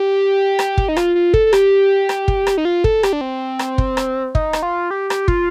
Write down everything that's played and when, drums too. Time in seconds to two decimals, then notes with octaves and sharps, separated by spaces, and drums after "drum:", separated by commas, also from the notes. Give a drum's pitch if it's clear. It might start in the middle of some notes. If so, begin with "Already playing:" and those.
Already playing: G4
0.59 drum: rim click
0.78 drum: kick
0.89 D#4
0.97 F4, drum: rim click
1.15 F4
1.34 A4, drum: kick
1.47 A4
1.53 G4, drum: rim click
2.09 drum: rim click
2.28 drum: kick
2.47 drum: rim click
2.58 D#4
2.65 F4
2.84 A4, drum: kick
3.03 G4, drum: rim click
3.13 D4
3.21 C4
3.59 drum: rim click
3.78 drum: kick
3.97 drum: rim click
4.35 D#4, drum: kick
4.53 drum: rim click
4.63 F4
4.91 G4
5.10 G4, drum: rim click
5.28 F4, drum: kick